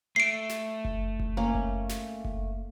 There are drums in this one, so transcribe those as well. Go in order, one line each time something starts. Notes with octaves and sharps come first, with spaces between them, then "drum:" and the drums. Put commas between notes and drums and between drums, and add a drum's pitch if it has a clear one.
A3 C7 D7
drum: snare
drum: kick F#1
drum: kick F#1
A#3 C#4
drum: kick F#1
drum: snare
drum: kick F#1